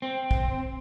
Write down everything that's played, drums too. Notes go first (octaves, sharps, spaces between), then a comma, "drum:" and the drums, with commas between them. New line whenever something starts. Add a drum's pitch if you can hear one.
C4
drum: kick